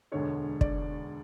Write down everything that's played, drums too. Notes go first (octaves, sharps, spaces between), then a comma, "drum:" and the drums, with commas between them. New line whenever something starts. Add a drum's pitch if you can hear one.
E1 D2 D3 G#3 C#5
D5, drum: kick